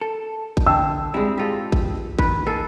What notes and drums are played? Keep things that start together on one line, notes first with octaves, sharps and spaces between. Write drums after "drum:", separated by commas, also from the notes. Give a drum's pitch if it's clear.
A4
drum: kick A1
D3 G5 A5 E6
G#2 G3 G#3 C4 E4
G#2 F4 G4 A4 D#5
drum: kick A1
D#3 E3 B4, drum: kick A1
A#3 D#4 G#4 A4